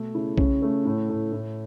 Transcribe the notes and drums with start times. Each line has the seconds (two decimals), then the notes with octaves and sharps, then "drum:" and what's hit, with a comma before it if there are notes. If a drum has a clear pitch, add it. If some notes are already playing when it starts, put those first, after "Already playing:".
Already playing: B2 A3
0.14 C#3 E4
0.38 C#3 C#4, drum: kick B1
0.62 A3
0.85 A2
1.10 A2
1.32 A2